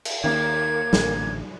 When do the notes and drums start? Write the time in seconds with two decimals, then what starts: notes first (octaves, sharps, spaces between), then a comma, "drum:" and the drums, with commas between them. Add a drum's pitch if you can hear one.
0.05 drum: cymbal
0.24 D#2 D#3 A#3 A#4 G#6
0.93 A1 D3, drum: snare